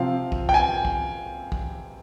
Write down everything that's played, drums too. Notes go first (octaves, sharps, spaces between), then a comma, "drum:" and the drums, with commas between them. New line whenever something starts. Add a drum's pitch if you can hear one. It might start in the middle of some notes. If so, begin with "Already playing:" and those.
Already playing: C3 F3 C4 F5
drum: kick
G5, drum: kick
G#5
drum: kick
drum: kick